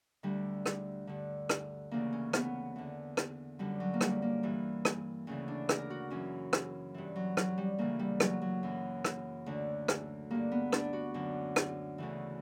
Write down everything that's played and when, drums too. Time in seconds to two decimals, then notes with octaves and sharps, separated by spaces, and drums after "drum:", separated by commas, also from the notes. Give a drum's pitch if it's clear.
0.23 D2 D3 G3
0.66 drum: rim click
1.07 G2 D3
1.49 drum: rim click
1.91 D2 C#3 E3 A#3
2.13 C#4
2.33 B3, drum: rim click
2.76 E2 D3
3.17 drum: rim click
3.59 F#2 D3 G3
3.80 F#3
3.94 A#3
4.01 G3, drum: rim click
4.22 A#3
4.43 G2 E3
4.85 drum: rim click
5.27 D2 C#3 E3 C#4
5.48 D4
5.69 A#4, drum: rim click
5.90 F#4
6.10 F#2 E3 C#4
6.53 drum: rim click
6.94 G2 E3
7.16 F#3
7.37 F#3, drum: rim click
7.58 G3
7.78 D2 C#3 E3 A#3
7.99 G3
8.20 F#3, drum: rim click
8.42 F#3
8.63 F#2 E3
9.05 drum: rim click
9.46 D2 D3
9.88 drum: rim click
10.30 G2 D3 A#3
10.52 B3
10.73 D4, drum: rim click
10.93 F#4
11.14 F#2 D3
11.56 drum: rim click
11.98 D2 C#3 E3